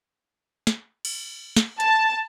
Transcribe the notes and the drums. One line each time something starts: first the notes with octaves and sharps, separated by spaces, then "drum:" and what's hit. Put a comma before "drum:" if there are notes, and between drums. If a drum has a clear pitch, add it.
drum: snare
drum: cymbal
drum: snare
A5, drum: hi-hat